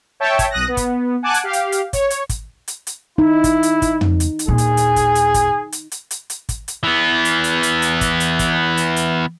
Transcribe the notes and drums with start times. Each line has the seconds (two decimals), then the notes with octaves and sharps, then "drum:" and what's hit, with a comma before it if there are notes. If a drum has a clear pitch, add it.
0.20 C#5 E5 G5 A5
0.39 drum: kick, hi-hat
0.51 B1 D#6 F#6 A#6
0.68 B3
0.77 drum: kick, hi-hat
1.22 F#5 G#5 A5 D6 F#6
1.34 drum: hi-hat
1.44 G4 F5
1.53 drum: hi-hat
1.72 drum: hi-hat
1.93 C#5, drum: kick, hi-hat
2.10 drum: hi-hat
2.29 drum: kick, hi-hat
2.68 drum: hi-hat
2.87 drum: hi-hat
3.18 D#4 E4
3.44 drum: kick, hi-hat
3.63 drum: hi-hat
3.82 drum: kick, hi-hat
4.01 drum: tom
4.20 drum: hi-hat
4.39 drum: hi-hat
4.48 D#2 A#2 G#4
4.58 drum: hi-hat
4.77 drum: hi-hat
4.96 drum: kick, hi-hat
5.15 drum: hi-hat
5.34 drum: kick, hi-hat
5.72 drum: hi-hat
5.92 drum: hi-hat
6.11 drum: hi-hat
6.30 drum: hi-hat
6.49 drum: kick, hi-hat
6.68 drum: hi-hat
6.84 E3 B3
7.25 drum: hi-hat
7.44 drum: hi-hat
7.63 drum: hi-hat
7.82 drum: hi-hat
8.01 drum: kick, hi-hat
8.20 drum: hi-hat
8.39 drum: kick, hi-hat
8.77 drum: hi-hat
8.96 drum: hi-hat